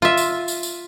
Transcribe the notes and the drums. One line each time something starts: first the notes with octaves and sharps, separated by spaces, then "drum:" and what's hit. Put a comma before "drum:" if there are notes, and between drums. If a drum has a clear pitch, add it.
F4 E5
drum: tambourine
drum: tambourine
drum: tambourine